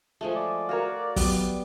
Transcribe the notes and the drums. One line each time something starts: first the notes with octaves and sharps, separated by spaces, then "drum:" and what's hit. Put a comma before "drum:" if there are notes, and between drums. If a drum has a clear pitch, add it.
F3 G#3 A3
D5
F#4 A#4 C#5 F5
F#3 G3 B3, drum: kick, open hi-hat